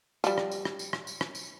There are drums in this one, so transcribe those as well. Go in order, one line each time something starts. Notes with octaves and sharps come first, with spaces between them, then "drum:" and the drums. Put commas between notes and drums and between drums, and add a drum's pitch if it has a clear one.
F3 G3, drum: tambourine
drum: rim click
drum: tambourine
drum: rim click
drum: tambourine
drum: rim click
drum: tambourine
drum: rim click
drum: tambourine